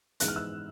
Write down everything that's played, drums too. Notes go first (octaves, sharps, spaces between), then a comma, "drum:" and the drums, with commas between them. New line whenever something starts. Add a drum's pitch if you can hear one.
G#2 E3 G#3 B3 F#6, drum: hi-hat
F6
E6 F#6